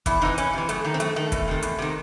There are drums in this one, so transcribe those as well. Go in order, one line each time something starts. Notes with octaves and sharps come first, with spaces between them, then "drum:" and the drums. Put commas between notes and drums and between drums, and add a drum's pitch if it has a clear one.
E2 E4, drum: kick, hi-hat
C3 E3 D#4
E2 C#4, drum: hi-hat
C3 E3
F#2 A3, drum: hi-hat
D#3 A3
C4
F#2 A3, drum: hi-hat
D#3 A3
E2, drum: kick, hi-hat
C3 D#3
E2, drum: hi-hat
C3 D#3